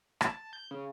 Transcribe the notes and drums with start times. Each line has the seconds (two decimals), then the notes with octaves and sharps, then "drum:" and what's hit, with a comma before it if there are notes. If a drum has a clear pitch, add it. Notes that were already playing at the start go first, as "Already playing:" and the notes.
0.21 A5, drum: rim click
0.53 G6
0.71 C#3